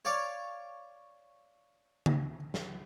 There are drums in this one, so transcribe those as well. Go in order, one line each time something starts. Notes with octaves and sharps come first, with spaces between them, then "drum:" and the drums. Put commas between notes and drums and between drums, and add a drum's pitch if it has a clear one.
C#5 D5 F5 D6
drum: tom C#3
drum: snare